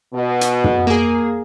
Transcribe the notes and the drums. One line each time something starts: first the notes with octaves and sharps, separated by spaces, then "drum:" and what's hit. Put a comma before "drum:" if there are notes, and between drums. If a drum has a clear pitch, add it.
B2
drum: hi-hat
drum: tom
A#3 G#4